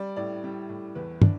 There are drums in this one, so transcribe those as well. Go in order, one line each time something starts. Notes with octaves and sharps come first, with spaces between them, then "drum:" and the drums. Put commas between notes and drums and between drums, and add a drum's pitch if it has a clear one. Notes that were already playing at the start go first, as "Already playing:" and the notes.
Already playing: G3 D5
A2 D5
G3
A2
E2 B4
D4, drum: tom